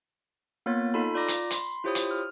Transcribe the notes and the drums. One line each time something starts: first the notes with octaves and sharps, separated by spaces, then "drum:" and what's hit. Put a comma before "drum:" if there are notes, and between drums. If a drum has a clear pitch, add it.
A#3 B3 F4 C#5 A6
D#4 F4 A4 D#5 G#5 B5
F4 D5 A#5 D6 A#6
drum: hi-hat
B5 C6, drum: hi-hat
E4 F4 G4 C5 C#5 D#6
drum: hi-hat
F6